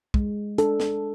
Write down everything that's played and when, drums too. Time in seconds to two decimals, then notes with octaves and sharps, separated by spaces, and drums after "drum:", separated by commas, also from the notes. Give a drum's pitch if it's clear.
0.14 G#3, drum: kick
0.58 D4 A4, drum: hi-hat
0.80 drum: snare